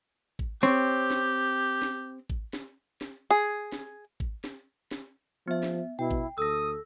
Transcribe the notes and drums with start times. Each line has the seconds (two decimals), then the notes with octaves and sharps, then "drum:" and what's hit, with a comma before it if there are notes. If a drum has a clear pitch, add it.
0.39 drum: kick A1
0.63 C4 G4 C#5, drum: snare
1.11 drum: snare
1.82 drum: snare
2.30 drum: kick A1
2.53 drum: snare
3.01 drum: snare
3.31 G#4
3.72 drum: snare
4.20 drum: kick A1
4.44 drum: snare
4.91 drum: snare
5.48 F3 B3 E5
5.63 drum: snare
5.99 B2 E4 G5
6.11 drum: kick A1
6.38 D2 A4 D#6 E6 A#6